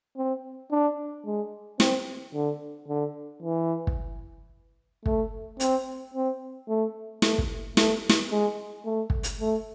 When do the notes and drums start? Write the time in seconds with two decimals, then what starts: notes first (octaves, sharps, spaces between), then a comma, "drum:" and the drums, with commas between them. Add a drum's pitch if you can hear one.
0.17 C4
0.71 D4
1.26 G#3
1.80 C4, drum: snare
2.34 D3
2.88 D3
3.43 E3
3.87 drum: kick
5.06 A3, drum: kick
5.60 C4, drum: hi-hat
6.14 C4
6.68 A3
7.22 A3, drum: snare
7.38 drum: kick
7.77 A3, drum: snare
8.09 drum: snare
8.31 G#3
8.86 A3
9.10 drum: kick
9.23 drum: hi-hat
9.40 A3